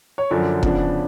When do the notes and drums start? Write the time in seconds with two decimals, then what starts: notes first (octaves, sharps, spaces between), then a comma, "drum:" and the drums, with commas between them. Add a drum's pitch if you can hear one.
0.18 C#5
0.31 F#2 D3 F3 D5
0.63 C#3 F3 B3 D4, drum: kick